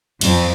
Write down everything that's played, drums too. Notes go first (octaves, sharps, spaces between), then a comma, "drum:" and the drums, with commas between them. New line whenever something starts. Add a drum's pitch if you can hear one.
F2, drum: cymbal